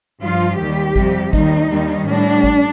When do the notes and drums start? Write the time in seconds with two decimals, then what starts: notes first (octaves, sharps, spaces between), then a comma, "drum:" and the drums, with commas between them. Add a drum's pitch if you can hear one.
0.22 G2 F3 F4
0.59 D#2 D#3 G3 G4
0.96 F2 C3 G3, drum: kick G#1
1.33 D#2 D#3 G3 D#4, drum: kick G#1
1.70 D#2 D#3 G3
2.07 A2 G3 D4
2.44 drum: kick G#1